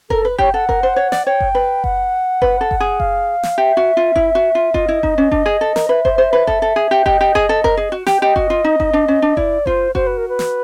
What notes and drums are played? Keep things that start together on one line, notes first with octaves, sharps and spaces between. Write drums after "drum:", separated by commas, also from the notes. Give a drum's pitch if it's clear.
A4 A#4, drum: kick F#1
B4
G4 C#5, drum: kick F#1
A4 F#5
A#4, drum: kick F#1
C5
C#5
D5, drum: snare
C#5 G5
drum: kick F#1
B4
F#5, drum: kick F#1
B4, drum: kick F#1
A4
drum: kick F#1
G#4
F5, drum: kick F#1
drum: snare
G4 E5
F#4
F4
E4, drum: kick F#1
F#4
F4
F4 D#5, drum: kick F#1
E4
D#4, drum: kick F#1
C#4
D4, drum: kick F#1
G#4
A4
A#4, drum: snare
B4 E5
C5, drum: kick F#1
C5
B4
A4, drum: kick F#1
A4
G#4
G4
G4 D#5, drum: kick F#1
G4
G#4, drum: kick F#1
A4
A#4, drum: kick F#1
G#4
F#4
G4, drum: snare
G4 D#5
F#4, drum: kick F#1
F4
D#4
D#4, drum: kick F#1
D4
C#4
D4
E4 D5, drum: kick F#1
F4 C5, drum: kick F#1
F#4 C5, drum: kick F#1
B4
A#4
B4
drum: snare